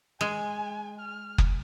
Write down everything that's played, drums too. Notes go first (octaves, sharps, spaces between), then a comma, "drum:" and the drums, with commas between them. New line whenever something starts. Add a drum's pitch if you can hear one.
G#3 G#5
F6
drum: kick F#1